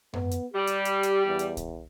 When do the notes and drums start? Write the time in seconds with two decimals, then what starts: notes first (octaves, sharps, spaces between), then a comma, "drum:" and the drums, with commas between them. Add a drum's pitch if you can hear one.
0.13 B3, drum: tom F#2
0.31 drum: hi-hat
0.54 G3 G4
0.67 drum: hi-hat
0.85 drum: hi-hat
1.03 drum: hi-hat
1.26 E2
1.39 drum: hi-hat
1.57 drum: kick B1, hi-hat